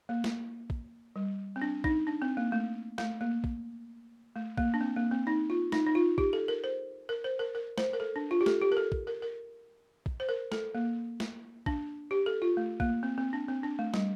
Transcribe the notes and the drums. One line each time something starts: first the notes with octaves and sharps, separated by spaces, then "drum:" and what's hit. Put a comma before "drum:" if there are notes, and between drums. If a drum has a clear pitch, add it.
A#3
drum: snare
drum: kick
G3
C4
D4
D#4, drum: kick
D4
C4
A#3
A3
A3, drum: snare
A#3
drum: kick
A3
A#3, drum: kick
D4
C4
A#3
C4
D#4
F4
D#4, drum: snare
D#4
F4
G4, drum: kick
A4
A#4
C5
A#4
C5
A#4
A#4
C5, drum: snare
A#4
A4
D4
F4
G4
A4, drum: snare
G4
A#4
A4
drum: kick
A#4
A#4
drum: kick
C5
A#4
A4, drum: snare
A#3
drum: snare
D4, drum: kick
G4
A4
F4
A3
A#3, drum: kick
C4
C4
D4
C4
D4
A3
G3, drum: snare